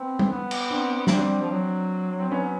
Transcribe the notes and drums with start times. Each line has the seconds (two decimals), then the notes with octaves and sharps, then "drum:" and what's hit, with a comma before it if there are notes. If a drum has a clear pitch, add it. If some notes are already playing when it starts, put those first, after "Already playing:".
Already playing: B3 C4
0.19 drum: tom
0.31 B3
0.51 drum: cymbal
0.70 C4 D4
1.07 F#3, drum: snare
1.10 G3 C4 D4
1.41 F3
1.51 F#3
2.20 C4
2.31 F#3 B3 C#4